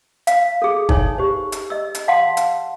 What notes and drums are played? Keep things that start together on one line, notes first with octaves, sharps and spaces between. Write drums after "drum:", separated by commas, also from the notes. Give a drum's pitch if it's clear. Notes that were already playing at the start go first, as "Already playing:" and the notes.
F5, drum: hi-hat
G#4 A4
D#4 A4 C#5 G#5, drum: kick
G4 C5
drum: hi-hat
D#5 E6
drum: hi-hat
F5 F#5 A5 C6
drum: hi-hat